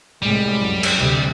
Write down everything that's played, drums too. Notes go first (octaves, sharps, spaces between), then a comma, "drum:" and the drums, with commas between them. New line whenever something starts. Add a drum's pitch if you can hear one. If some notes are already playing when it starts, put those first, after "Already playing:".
C2 A2 G3 G#3
F#2
drum: cymbal
D2 C3